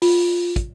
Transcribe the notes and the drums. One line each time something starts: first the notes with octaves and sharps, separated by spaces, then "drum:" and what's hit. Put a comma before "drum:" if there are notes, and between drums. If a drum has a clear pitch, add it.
F4, drum: open hi-hat
drum: kick, hi-hat